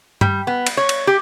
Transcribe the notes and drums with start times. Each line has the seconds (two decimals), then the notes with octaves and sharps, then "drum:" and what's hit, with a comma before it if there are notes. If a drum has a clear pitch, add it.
0.21 G3, drum: tom G2
0.47 B3
0.66 drum: cymbal
0.77 C#5
0.89 drum: cymbal
1.07 G4